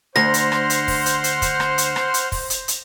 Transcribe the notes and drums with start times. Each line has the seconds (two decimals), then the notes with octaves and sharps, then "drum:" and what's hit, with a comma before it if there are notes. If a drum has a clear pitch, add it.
0.16 D2 C5 F#5 C6 F6 A#6, drum: rim click
0.34 drum: hi-hat
0.52 drum: rim click
0.70 drum: hi-hat
0.88 drum: kick, open hi-hat
1.06 drum: hi-hat
1.24 drum: hi-hat
1.42 drum: kick, hi-hat
1.60 drum: rim click
1.78 drum: hi-hat
1.96 drum: rim click
2.14 drum: hi-hat
2.32 drum: kick, open hi-hat
2.50 drum: hi-hat
2.68 drum: hi-hat